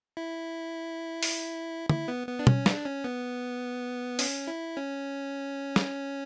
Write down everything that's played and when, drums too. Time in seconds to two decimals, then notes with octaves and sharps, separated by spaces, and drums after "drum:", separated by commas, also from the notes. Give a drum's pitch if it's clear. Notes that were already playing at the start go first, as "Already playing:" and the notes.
0.17 E4
1.23 drum: open hi-hat
1.89 E4, drum: tom
2.08 B3
2.28 B3
2.39 D4
2.47 C#4, drum: tom
2.66 D4, drum: snare
2.85 C#4
3.04 B3
4.19 C#4, drum: open hi-hat
4.47 E4
4.77 C#4
5.76 drum: snare